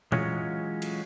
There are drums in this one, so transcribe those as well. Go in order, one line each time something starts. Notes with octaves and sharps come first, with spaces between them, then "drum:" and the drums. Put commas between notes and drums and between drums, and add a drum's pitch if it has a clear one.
E3 F#3 G#3 C#4 F4 C#5, drum: tom A#2
drum: cymbal